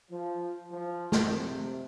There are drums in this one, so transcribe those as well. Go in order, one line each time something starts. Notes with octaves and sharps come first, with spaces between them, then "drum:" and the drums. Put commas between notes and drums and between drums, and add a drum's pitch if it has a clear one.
F3
F3
drum: snare
C3